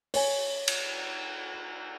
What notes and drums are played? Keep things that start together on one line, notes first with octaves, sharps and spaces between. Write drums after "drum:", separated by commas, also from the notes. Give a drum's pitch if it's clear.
C#5 G#5, drum: open hi-hat
drum: cymbal